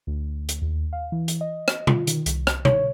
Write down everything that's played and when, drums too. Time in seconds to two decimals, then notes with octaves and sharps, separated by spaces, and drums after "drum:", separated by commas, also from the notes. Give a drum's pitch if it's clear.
0.07 D2
0.49 drum: hi-hat
0.62 D#2
0.93 F5
1.12 E3
1.28 drum: hi-hat
1.41 D#5
1.68 drum: rim click
1.87 F4, drum: tom B2
2.07 D#3, drum: hi-hat
2.26 C2, drum: hi-hat
2.47 drum: rim click
2.65 C#5, drum: tom B2